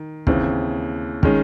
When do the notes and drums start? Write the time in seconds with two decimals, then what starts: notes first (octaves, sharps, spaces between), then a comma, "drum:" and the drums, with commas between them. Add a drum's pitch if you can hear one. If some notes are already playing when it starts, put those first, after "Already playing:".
Already playing: D#3
0.27 D#2 C#3 E3 C4, drum: kick
1.23 D#3 G#3 C#4, drum: kick